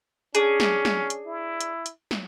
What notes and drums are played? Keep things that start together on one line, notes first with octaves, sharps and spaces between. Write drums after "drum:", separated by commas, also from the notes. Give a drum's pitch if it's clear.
C#4 D4 G#4, drum: hi-hat
drum: snare
drum: snare
drum: hi-hat
E4
drum: hi-hat
drum: hi-hat
drum: snare